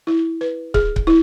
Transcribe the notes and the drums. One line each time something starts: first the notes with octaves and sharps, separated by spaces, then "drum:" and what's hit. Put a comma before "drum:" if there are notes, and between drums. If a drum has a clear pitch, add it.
E4
B4
G#4, drum: kick
drum: kick
E4